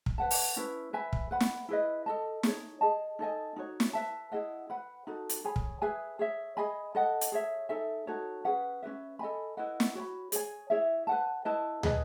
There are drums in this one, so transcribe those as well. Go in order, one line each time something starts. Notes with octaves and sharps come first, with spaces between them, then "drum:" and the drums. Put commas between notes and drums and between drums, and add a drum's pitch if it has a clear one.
drum: kick
B4 F#5 A5
drum: open hi-hat
C#4 E4 B4
B4 E5 G#5 B5
drum: kick
B4 F#5 B5
drum: snare
E4 G#4 B4 D#5
A4 D#5 A5
D#4 G#4 C#5, drum: snare
G#4 D#5 A5
D#4 A4 D#5 G#5
D#4 F#4 C#5
drum: snare
B4 E5 A5
E4 G#4 D#5 F#5
B4 F#5 B5
D#4 F#4 A4
drum: hi-hat
G#4 C#5 G#5 B5
drum: kick
G#4 B4 E5 G#5
G#4 C#5 E5
G#4 D#5 G#5 B5
A4 D#5 F#5
drum: hi-hat
G#4 C#5 E5
D#4 A4 E5 G#5
D#4 F#4 A4 C#5
C#4 G#4 B4 F#5
C#4 F#4 B4 E5
A4 D#5 G#5 B5
E4 B4 D#5 F#5
drum: snare
F#4 C#5 G#5 B5
G#4 C#5 G#5, drum: hi-hat
E4 G#4 C#5 E5
B4 F#5 A5
E4 B4 D#5 A5
G#4 B4 D#5 G#5, drum: tom